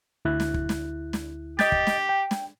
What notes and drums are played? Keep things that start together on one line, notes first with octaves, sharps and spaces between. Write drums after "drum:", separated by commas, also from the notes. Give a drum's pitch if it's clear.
D2 E4 F#6
drum: snare
drum: kick
drum: snare
drum: snare
G4 D#5 G6 A6, drum: snare
drum: kick
drum: snare
G5
drum: snare